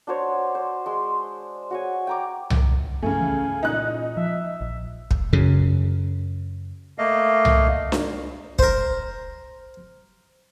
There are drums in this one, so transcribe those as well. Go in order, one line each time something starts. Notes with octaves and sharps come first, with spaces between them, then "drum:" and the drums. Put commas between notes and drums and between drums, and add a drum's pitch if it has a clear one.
D4 F#4 C5 C#5
C5
G#3 C6
F#4 C#5 G#5
G5 A#5 D6
drum: tom C2
C2 G2 C#3 A3 G#5
E3
A#2 D#4 F#6
F3 E5
A#1
drum: kick
F#2 C#3
A3 A#3 D#5 F5
drum: tom C2
drum: snare D4
A#4 C5, drum: kick